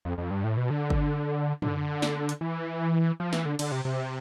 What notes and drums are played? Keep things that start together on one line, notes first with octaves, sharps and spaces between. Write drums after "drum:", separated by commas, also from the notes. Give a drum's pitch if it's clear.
F2
F2
G2
A2
B2
D3
drum: kick G1
D3, drum: tom
drum: snare
drum: hi-hat
E3
F3
E3, drum: snare
D3
D3, drum: cymbal
C3
C3